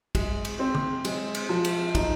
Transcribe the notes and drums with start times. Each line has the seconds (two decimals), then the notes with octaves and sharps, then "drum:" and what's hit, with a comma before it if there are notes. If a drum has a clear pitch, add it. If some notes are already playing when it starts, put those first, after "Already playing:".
0.15 G#3, drum: kick, cymbal
0.45 drum: cymbal
0.59 C4
0.75 drum: tom
1.05 G#3, drum: cymbal
1.35 drum: cymbal
1.49 F3
1.65 drum: cymbal
1.95 D#4, drum: kick, cymbal